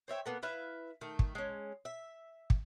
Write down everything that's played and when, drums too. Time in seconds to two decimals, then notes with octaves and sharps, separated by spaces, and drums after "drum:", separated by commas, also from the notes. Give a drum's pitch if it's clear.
0.08 C5 C#5 E5 G5
0.26 A#3 B3 A4
0.43 E4 B4 E5 F5
1.01 D#3 A3
1.19 drum: kick
1.35 G#3 C#4
1.85 E5
2.50 drum: kick